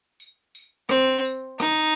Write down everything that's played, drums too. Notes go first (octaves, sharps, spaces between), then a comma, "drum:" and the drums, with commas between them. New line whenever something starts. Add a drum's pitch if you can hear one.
drum: tambourine
drum: tambourine
C4, drum: rim click
drum: tambourine
D#4, drum: rim click